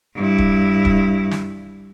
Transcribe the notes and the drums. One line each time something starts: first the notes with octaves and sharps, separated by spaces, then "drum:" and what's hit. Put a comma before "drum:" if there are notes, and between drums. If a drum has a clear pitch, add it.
G2 E4
drum: kick
drum: kick
drum: snare